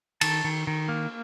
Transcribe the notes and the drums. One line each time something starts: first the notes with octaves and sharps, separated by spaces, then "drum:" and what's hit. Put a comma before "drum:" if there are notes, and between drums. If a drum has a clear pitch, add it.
D#3 A5, drum: cymbal
D#3
D#3
A#3